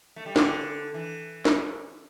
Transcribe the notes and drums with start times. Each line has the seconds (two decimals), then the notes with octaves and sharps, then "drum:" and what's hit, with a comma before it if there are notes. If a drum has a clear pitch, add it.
0.16 A3
0.26 G3
0.36 D3, drum: snare
0.94 E3
1.45 drum: snare